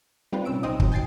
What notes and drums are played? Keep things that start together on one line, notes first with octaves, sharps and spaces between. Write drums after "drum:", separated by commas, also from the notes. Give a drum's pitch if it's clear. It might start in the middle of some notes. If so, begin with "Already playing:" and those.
G3 C4 D#4 F4 B4
C2 A#2 C#4 E6 D7
B1 C3 C4 D#4 D#5 D#6
D#3 F#3, drum: kick
G5 G#5 A6 C7 D7